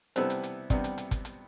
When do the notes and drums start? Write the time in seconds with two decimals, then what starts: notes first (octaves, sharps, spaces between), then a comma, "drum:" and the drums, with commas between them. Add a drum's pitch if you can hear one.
0.16 C3 G3 B3 E4 A4 C5, drum: hi-hat
0.30 drum: hi-hat
0.44 drum: hi-hat
0.70 C3 G3 B3 D5, drum: kick, hi-hat
0.84 drum: hi-hat
0.98 drum: hi-hat
1.11 drum: kick, hi-hat
1.25 drum: hi-hat